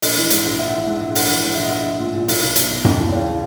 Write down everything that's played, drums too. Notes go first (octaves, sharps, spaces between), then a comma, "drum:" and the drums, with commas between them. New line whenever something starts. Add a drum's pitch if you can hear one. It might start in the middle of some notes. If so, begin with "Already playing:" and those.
A#1 D#5, drum: open hi-hat
E3
G#2, drum: hi-hat
A#1
A#1 E5
F#5
E3 E5
G#2 F#5
A#1 E5
E5
A#1 F#5, drum: open hi-hat
E3
G#2 F#5
A#1 E5
D#5
A#1 E5
A#1
A#2
A#2
B1, drum: open hi-hat
B1
B2, drum: hi-hat
B2
D#2, drum: tom F#2
E3
C#3 C#5